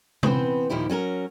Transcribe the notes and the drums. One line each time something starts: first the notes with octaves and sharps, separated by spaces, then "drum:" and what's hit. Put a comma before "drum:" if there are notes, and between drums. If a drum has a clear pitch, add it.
E3 B3 C4 C5, drum: tom C3
D#2 A#2 F3 E4 G4
F#3 C#4 A4 A#4